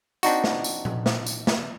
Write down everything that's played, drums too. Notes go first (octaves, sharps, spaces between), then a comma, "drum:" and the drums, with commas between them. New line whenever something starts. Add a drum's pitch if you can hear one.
C4 D4 D#4 F#4, drum: tambourine
drum: snare
drum: tambourine
drum: tom A#2
drum: snare
drum: tambourine
drum: snare